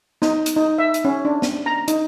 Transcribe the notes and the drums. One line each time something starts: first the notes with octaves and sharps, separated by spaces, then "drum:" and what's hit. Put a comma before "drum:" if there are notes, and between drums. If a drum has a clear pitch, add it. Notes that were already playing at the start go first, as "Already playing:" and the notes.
D#4, drum: snare
drum: hi-hat
D#4
E5
drum: hi-hat
C#4
D4
drum: snare
A#5
D#4, drum: hi-hat